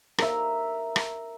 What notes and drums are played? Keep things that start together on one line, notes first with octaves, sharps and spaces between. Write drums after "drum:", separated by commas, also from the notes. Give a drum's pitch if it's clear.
A#4 E5, drum: rim click
drum: rim click